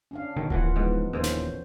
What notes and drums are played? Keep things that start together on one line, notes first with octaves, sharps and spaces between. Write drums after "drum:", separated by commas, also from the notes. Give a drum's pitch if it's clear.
C#4 D4 F5
A#1 B2 D#3
D#2 D#3 E3 F4 F#5, drum: kick D1
G#2 E3 F3 B3
D#1 A1 D#2 C#4 C5
drum: snare